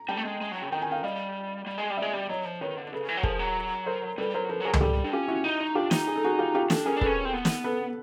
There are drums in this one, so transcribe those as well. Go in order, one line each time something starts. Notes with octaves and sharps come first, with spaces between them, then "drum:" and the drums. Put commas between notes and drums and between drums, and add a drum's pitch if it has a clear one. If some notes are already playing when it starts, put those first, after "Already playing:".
Already playing: A#5
G3 G5 A5
A3
G#3
G#3
F#3
C#3
D#3 G5
G#5
F5 G5
G3 D#5 F5
G3
G#3
G3
G#3 D5 E5
G3
F#3 C#5 D#5
F3
D#3 B4 C#5
D3
C#3 A4 B4
E3
F#3
F3 G#4 A#4, drum: kick
F#3
A#4 C5
G3 A4 B4
F#3 A#4 C5
F3 A4 B4
F#3
G#4 A#4
G#3, drum: tom C#2
G3 G4 A4
D4
C#4 F4 G4
E4 F#4
D#4
D#4
D4 F4 G4
D#4, drum: snare
G#4
A4
F#4 G#4
F4 G4
F4 G4
D4 G4 A4, drum: snare
C#4 G#4 A#4
D4
C#4 A4 B4, drum: kick
C4
B3
drum: snare
A4 B4